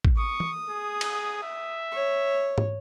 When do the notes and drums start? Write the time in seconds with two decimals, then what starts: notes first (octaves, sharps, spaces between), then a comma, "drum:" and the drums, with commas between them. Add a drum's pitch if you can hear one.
0.05 drum: kick
0.18 C#6 D#6
0.40 drum: tom
0.69 G#4
1.01 drum: cymbal
1.43 E5
1.92 C#5
2.58 drum: tom